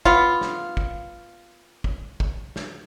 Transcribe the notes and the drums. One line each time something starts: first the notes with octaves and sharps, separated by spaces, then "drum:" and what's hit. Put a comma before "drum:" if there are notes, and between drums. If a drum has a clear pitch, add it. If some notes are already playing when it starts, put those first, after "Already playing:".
B3 F4, drum: kick
drum: snare
drum: kick
drum: kick
drum: kick
drum: snare